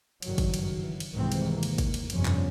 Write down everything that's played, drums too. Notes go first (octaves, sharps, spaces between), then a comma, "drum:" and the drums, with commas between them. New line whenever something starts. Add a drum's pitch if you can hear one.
F#1 G2 D#3 F#3, drum: cymbal
drum: kick, cymbal
drum: cymbal
E3
drum: cymbal
C2 G#2 C3 D#3 E3 C4
drum: cymbal
D#2 A#3
drum: cymbal
drum: kick, cymbal
drum: cymbal
G1 F2 G#2 C3 F3 C#4, drum: cymbal
drum: clap